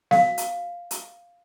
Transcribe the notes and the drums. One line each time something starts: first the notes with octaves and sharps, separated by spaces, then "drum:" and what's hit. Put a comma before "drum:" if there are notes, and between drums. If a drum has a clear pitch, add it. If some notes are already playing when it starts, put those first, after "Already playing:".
F5, drum: snare B3
drum: hi-hat
drum: hi-hat